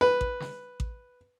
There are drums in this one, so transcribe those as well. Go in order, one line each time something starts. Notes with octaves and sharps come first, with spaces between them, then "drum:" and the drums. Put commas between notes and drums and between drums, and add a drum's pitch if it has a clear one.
B4
drum: kick A1
drum: snare
drum: kick A1